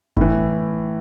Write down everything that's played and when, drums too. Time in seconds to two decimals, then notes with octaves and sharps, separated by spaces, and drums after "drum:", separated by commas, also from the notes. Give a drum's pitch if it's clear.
0.16 A2 E3, drum: kick F#1